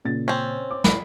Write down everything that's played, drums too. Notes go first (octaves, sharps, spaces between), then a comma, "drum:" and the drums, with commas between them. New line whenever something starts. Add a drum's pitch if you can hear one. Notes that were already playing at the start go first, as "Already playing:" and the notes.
A#2 C#3 A6
C4 C#4
D6
B5, drum: snare